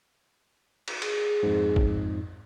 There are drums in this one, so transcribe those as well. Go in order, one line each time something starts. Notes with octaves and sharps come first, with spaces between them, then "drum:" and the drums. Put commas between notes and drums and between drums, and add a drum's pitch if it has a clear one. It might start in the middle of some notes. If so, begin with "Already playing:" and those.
drum: cymbal
G#4, drum: cymbal
F2 G#2
drum: kick